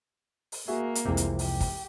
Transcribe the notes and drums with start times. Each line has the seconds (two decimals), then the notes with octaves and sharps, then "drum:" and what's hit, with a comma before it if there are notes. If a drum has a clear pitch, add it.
0.52 drum: open hi-hat
0.68 A#3 F#4 G#4 E5
0.95 drum: hi-hat
1.05 C2 F2 C3 E3 G#3 E4
1.17 drum: hi-hat
1.39 G4, drum: open hi-hat
1.61 drum: kick, open hi-hat